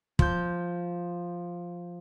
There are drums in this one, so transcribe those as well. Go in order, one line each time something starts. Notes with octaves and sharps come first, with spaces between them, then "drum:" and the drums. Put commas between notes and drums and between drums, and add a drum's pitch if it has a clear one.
F3 G6, drum: kick